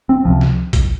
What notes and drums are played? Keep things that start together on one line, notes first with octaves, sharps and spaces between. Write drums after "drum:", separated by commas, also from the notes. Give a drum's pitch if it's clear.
C4
C#2 C3 F3
drum: snare
drum: kick A#1, hi-hat